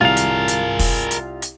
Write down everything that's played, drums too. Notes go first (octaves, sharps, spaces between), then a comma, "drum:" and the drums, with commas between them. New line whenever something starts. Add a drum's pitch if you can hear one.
C2 F4 G#4 A#4 F5
drum: hi-hat
drum: hi-hat
drum: kick, open hi-hat
drum: hi-hat
drum: hi-hat